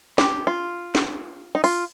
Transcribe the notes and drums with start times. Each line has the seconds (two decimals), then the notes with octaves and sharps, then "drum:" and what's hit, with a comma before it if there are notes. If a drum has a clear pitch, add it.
0.18 G4, drum: snare
0.47 F4
0.95 drum: snare
1.55 D#4
1.64 F4, drum: open hi-hat